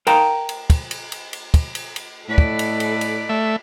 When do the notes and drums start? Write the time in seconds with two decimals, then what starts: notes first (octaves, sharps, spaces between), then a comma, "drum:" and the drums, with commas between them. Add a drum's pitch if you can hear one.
0.07 A#4 F5 G5 A5 A#5, drum: cymbal
0.49 drum: cymbal
0.70 drum: kick, cymbal
0.91 drum: cymbal
1.12 drum: cymbal
1.33 drum: cymbal
1.54 drum: kick, cymbal
1.75 drum: cymbal
1.96 drum: cymbal
2.29 A2 A4 B4 D5 D#5
2.38 drum: kick
2.59 drum: cymbal
2.80 drum: cymbal
3.01 drum: cymbal
3.29 A3 E5